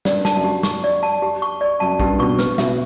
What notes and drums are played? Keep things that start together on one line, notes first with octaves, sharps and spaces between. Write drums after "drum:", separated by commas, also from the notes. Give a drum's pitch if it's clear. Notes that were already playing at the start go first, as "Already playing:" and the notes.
G2 D5, drum: snare
A5, drum: snare
F#2
G4
C#6, drum: snare
D5
A5
G4
C#6
D5
F#2 A5
G2 G4, drum: kick
B2 C#6
B4, drum: snare
B2 E5, drum: snare